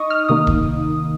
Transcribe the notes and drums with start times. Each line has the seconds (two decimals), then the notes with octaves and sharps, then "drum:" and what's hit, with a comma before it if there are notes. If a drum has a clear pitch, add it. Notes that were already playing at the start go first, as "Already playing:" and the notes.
Already playing: D#4 D#5 C#6 D#6
0.10 F6
0.29 C3 D#3 A#3 D#4 D#6
0.47 drum: kick D#1